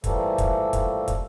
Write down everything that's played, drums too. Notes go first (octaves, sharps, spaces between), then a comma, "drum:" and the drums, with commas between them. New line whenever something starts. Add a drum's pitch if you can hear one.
E3 F3 G3 A3 A#3 A4, drum: kick, hi-hat
drum: kick, hi-hat
drum: kick, hi-hat
drum: kick, hi-hat